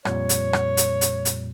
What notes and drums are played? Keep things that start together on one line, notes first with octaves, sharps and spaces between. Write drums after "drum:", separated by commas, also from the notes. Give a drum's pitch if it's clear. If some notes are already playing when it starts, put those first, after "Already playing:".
F2 A#2 G3 C#5, drum: rim click
drum: hi-hat
drum: rim click
drum: hi-hat
drum: hi-hat
drum: hi-hat